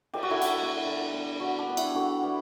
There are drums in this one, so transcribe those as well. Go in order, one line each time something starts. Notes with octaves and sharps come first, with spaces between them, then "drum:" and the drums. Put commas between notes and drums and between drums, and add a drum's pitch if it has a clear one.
G4, drum: cymbal
F#4
D3 E4
drum: hi-hat
G3 B3
D3
G3 B3
D3 F#4
D4
G3 B3
E4, drum: cymbal
D3 F#4
G3 B3